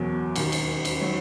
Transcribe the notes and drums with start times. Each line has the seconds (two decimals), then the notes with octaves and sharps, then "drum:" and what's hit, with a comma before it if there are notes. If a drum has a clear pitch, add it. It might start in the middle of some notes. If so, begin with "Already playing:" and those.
Already playing: F#1 E2 B2 F#3
0.36 E1 D#2 D#3, drum: cymbal
0.52 drum: cymbal
0.85 drum: cymbal
1.01 D#3 F#3